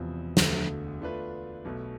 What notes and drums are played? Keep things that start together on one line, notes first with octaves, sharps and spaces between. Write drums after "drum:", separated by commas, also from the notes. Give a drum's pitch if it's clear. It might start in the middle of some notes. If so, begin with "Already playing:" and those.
Already playing: E1 E2 C3 F3
E1 D2 D3 A3, drum: snare
D3 A3 D4 F4 B4
B1 B2 A3